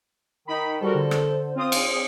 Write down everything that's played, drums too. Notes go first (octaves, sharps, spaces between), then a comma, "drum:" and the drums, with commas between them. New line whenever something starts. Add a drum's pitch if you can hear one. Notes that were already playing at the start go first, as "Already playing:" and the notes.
D#3 D#4 B5
G3 F#4 A4 A#4 C5
D3
drum: rim click
C4 F4 D#6
drum: cymbal